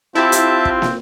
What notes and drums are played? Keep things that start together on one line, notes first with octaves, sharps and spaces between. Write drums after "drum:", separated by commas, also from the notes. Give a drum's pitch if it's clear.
C4 E4 F4 G4 E5 A5
drum: hi-hat
drum: kick
drum: snare